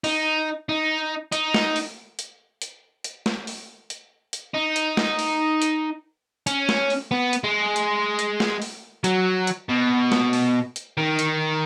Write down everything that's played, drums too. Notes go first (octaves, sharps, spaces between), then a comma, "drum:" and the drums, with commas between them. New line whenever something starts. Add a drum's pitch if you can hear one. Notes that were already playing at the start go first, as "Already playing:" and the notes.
D#4, drum: open hi-hat
D#4
D#4, drum: hi-hat
drum: snare
drum: open hi-hat
drum: hi-hat
drum: hi-hat
drum: hi-hat
drum: snare
drum: open hi-hat
drum: hi-hat
drum: hi-hat
D#4
drum: hi-hat
drum: snare
drum: open hi-hat
drum: hi-hat
C#4, drum: hi-hat
drum: snare
drum: open hi-hat
B3
drum: hi-hat
G#3
drum: hi-hat
drum: hi-hat
drum: snare
drum: open hi-hat
F#3, drum: hi-hat
drum: hi-hat
B2
drum: snare
drum: open hi-hat
drum: hi-hat
D#3
drum: hi-hat